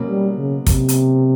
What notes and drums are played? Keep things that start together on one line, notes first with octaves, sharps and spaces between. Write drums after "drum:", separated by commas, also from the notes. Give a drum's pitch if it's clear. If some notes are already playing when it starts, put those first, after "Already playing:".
Already playing: B2 F#3 A#3 C#4
G3
C#3
C3, drum: kick, hi-hat
drum: hi-hat